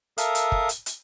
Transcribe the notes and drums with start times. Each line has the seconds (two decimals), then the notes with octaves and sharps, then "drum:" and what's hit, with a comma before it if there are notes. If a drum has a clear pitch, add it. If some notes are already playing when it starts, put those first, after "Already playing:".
0.18 A4 A#4 E5 F5 D#6, drum: hi-hat
0.35 drum: hi-hat
0.52 drum: kick
0.69 drum: hi-hat
0.86 drum: hi-hat